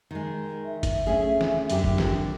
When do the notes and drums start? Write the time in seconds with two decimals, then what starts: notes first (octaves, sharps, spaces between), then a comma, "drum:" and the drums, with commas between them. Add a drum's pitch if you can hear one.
0.11 D#3 G#3
0.65 E5
0.83 drum: kick, hi-hat
1.07 A3 C#4 G#4
1.41 drum: snare
1.70 F#2 D3 G4, drum: hi-hat
1.84 drum: kick
1.98 drum: snare